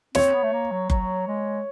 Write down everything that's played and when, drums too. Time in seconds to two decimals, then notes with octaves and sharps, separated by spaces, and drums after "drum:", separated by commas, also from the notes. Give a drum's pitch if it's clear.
0.15 C4 C#5, drum: snare
0.34 B3
0.43 A3
0.53 A#3
0.71 F#3
0.90 F#3, drum: kick F#1
1.27 G#3